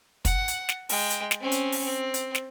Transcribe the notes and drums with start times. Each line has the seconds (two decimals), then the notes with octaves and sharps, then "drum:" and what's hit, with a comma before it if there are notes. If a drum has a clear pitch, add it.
0.25 F#5, drum: kick, hi-hat
0.48 drum: hi-hat
0.69 drum: snare
0.89 G#3 G5, drum: open hi-hat
1.10 drum: hi-hat
1.31 drum: snare
1.41 C4 C#4
1.52 drum: hi-hat
1.72 drum: open hi-hat
1.84 C4
2.14 drum: hi-hat
2.35 drum: snare